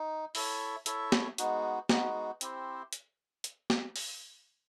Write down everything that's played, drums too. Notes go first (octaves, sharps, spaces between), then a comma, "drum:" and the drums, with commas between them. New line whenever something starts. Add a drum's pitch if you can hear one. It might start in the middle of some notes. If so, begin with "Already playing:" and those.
Already playing: D#4
E4 A4 C#5 E5, drum: open hi-hat
E4 A4 C#5 E5, drum: hi-hat
drum: snare
G#3 B3 D#4 F#4, drum: hi-hat
G#3 B3 D#4 F#4, drum: snare
C4 E4 G4 C5, drum: hi-hat
drum: hi-hat
drum: hi-hat
drum: snare
drum: open hi-hat